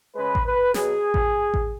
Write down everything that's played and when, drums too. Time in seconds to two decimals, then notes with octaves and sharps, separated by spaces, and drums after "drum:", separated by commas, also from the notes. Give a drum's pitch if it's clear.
0.15 C#3 G#3 B4
0.35 drum: kick A1
0.46 B4
0.74 B2 F#3 G#4, drum: snare
1.14 drum: kick A1
1.54 drum: kick A1